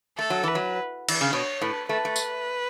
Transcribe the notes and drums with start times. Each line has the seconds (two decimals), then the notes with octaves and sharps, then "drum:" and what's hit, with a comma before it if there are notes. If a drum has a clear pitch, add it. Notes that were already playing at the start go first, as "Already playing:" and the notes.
0.18 A3 A4
0.30 F#3
0.43 E3 B4
0.55 F#3
1.09 E3, drum: cymbal
1.21 C#3
1.33 B2 C#5
1.61 A2 B4
1.89 A3 B4
2.05 A3
2.16 drum: tambourine